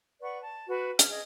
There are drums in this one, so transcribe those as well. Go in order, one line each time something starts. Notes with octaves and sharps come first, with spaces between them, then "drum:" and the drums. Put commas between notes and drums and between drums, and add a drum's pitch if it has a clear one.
B4 D5 F#5 C#6
A5
F#4 B4
G#4 F6, drum: hi-hat
G#4 D#5